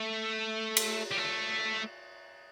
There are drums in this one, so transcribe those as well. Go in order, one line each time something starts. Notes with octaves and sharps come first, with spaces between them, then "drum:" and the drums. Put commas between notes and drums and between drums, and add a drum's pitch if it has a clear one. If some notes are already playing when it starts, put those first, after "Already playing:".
Already playing: A3
drum: cymbal
G3
A3